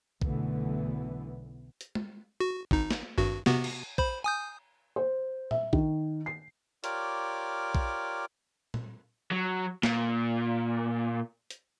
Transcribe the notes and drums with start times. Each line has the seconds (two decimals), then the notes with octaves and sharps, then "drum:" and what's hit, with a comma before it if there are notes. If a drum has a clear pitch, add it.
0.22 B1 F#2 D3 E3 A3 B3, drum: kick A#1
1.81 drum: hi-hat
1.95 drum: tom G#3
2.40 F#4
2.71 G#1 D#4, drum: kick A#1
2.91 drum: snare
3.17 G#1 G2 F#4
3.46 C3 B3 F#4, drum: snare
3.64 drum: cymbal
3.98 C5 B5, drum: kick A#1
4.24 G#5 D#6 G6
4.96 C5
5.51 E5, drum: tom A#2
5.73 D#3, drum: kick A#1
6.26 C7
6.84 F4 G4 A#4 C#5 D5 D6, drum: hi-hat
7.75 drum: kick A#1
8.74 drum: tom A#2
9.31 F#3
9.83 A#2, drum: snare
11.50 drum: hi-hat